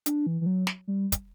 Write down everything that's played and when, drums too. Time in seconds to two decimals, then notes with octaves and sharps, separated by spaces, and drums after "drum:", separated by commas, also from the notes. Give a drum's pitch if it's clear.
0.06 D4, drum: hi-hat
0.26 E3
0.41 E3
0.46 F#3
0.67 drum: snare
0.88 G3
1.12 drum: kick, hi-hat